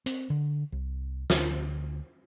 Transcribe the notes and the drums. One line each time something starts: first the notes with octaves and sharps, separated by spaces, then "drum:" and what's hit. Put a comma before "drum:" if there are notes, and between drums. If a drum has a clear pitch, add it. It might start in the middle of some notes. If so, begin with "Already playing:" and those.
C4, drum: hi-hat
D3
C2
D2, drum: snare